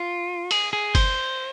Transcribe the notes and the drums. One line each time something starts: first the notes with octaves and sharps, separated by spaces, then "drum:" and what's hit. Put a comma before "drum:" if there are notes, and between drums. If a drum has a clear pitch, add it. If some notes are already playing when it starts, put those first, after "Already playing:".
Already playing: F4
G#4, drum: cymbal
G#4
C5, drum: kick F#1, cymbal